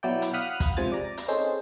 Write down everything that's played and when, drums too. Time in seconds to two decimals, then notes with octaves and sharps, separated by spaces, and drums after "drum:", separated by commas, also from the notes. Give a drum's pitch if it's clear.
0.03 B2 F#3 E4 D5 G5
0.22 drum: hi-hat
0.33 F5 F#5 B5 D#6 F6 F#6
0.60 drum: kick, hi-hat
0.77 G#2 C3 F3 C5 G#5 A6
0.92 D5 A#5
1.18 drum: hi-hat
1.28 C4 C#4 D#4 G#4 A4 C5